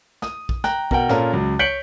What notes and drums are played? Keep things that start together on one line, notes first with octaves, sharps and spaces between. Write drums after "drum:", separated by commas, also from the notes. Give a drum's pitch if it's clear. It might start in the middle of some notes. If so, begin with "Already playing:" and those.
D#6, drum: snare
drum: kick
G5 A#5 F#6, drum: snare
B2 A#4 F#5 G5, drum: kick
A#2 C#4 F4 A4 A#4, drum: snare
C#2 F#3
C#5 G6 B6 C#7 D7 F#7